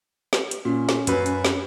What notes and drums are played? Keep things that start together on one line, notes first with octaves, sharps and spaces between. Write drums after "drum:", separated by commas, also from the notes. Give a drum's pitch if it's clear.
drum: snare
drum: hi-hat
A#2 C#4
drum: snare
F#2 B4, drum: hi-hat
drum: hi-hat
drum: snare